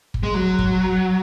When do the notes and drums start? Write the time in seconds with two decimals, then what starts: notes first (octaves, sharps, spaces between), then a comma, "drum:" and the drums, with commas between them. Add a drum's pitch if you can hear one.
0.14 drum: kick
0.23 G#3
0.34 F#3
0.59 drum: kick